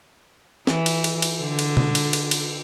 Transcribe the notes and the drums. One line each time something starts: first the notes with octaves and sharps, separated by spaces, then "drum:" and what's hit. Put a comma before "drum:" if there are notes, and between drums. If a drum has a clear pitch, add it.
E3, drum: snare
drum: cymbal
drum: cymbal
drum: cymbal
D3
drum: cymbal
drum: tom B2
drum: cymbal
drum: cymbal
drum: cymbal